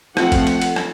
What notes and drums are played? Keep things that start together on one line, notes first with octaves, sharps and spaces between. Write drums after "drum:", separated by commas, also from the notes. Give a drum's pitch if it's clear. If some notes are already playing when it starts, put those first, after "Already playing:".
F3 A3 C4 F#5, drum: rim click
drum: kick, cymbal
drum: cymbal
drum: cymbal
drum: rim click